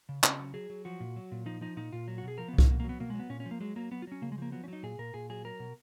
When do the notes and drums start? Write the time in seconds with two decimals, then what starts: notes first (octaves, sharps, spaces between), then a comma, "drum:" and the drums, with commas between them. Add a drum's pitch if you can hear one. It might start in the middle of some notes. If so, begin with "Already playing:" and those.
0.09 C#3
0.24 C#3 C#4, drum: clap
0.40 F#3
0.54 F#3 G#4
0.70 F#3
0.85 F3 F#4
1.00 A#2
1.16 F#3
1.32 A#2
1.46 F3 D#4
1.61 F3 D#4
1.76 A#2 D#4
1.92 A#2 F4
2.08 F#3
2.18 F#4
2.24 B2 G#4
2.38 F3 A#4
2.48 B3
2.53 C#3
2.58 A#3, drum: kick C2
2.69 B2 A#3
2.80 A#3
2.84 F#3 B3
3.00 B2 A#3
3.10 G#3
3.14 F#3
3.20 B3
3.30 A#2 C#4
3.40 C#4
3.46 F3
3.51 A#3
3.61 F#3 G#3
3.76 F#3 A#3
3.92 F#3 B3
4.02 F4
4.07 F#3 C#4
4.22 C#3 A#3
4.32 G#3
4.38 F3 A#3
4.52 F#3 B3
4.64 C#4
4.68 F#3 D#4
4.83 A#2 G#4
4.99 A#2 A#4
5.14 A#2 G#4
5.30 F#3 G#4
5.45 F#3 A#4
5.60 B2